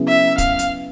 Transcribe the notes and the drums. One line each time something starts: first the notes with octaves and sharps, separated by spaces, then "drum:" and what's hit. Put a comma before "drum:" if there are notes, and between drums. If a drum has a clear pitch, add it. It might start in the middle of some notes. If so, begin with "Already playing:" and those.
Already playing: C#3 F#3 B3 E4 G#4
E5
F5, drum: kick, hi-hat
drum: hi-hat